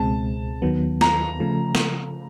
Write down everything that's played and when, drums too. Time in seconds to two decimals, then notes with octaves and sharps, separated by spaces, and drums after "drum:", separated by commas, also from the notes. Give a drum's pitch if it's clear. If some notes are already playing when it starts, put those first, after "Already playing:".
Already playing: C#2 B2 G#3 C4 A5
0.62 D#2 D#3 F#3 B3
1.01 A#5, drum: snare
1.40 C#3 F3 A3
1.75 drum: snare